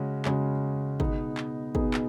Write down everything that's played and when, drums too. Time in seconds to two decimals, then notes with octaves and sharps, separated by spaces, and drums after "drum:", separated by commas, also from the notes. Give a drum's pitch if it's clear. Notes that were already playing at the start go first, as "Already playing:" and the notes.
Already playing: C#3 G#3 C#4 F#4
0.25 C#3 G#3 C#4 F#4, drum: clap
1.00 B2 B3 D#4 G#4, drum: kick
1.37 drum: clap
1.75 B2 B3 D#4 G#4, drum: kick
1.94 drum: clap